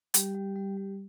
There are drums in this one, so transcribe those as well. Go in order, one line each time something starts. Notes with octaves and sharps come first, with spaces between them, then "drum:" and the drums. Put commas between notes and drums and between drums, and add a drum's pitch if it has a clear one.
G3 G4, drum: hi-hat
G3
G3
G3